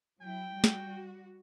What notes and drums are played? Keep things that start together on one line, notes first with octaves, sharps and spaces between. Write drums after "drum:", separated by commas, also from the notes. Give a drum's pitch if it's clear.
F#3 E4 G5
G3 F#4
drum: snare